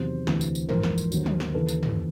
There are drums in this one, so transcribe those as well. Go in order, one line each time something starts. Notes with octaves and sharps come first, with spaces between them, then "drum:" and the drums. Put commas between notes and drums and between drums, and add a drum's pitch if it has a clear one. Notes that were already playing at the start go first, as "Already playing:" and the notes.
Already playing: E2 C3 D#3 F#3 C5
D2 C3 E3, drum: snare
drum: tambourine
drum: tambourine
A#1 G#2 E3 A#4 C5, drum: tom
drum: snare
drum: tambourine
D#2 D3 F#3, drum: tambourine
drum: tom
drum: snare
D#2 C#3 E3 A4 B4
drum: tambourine
drum: tom